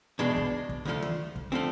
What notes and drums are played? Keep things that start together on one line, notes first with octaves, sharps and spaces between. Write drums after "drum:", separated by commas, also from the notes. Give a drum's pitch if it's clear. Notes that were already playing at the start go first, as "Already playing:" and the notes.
E2 B2 G#3 D4
drum: kick
drum: kick
D2 D3 F3 A3
drum: tom
drum: kick
D3 F3 A3 C4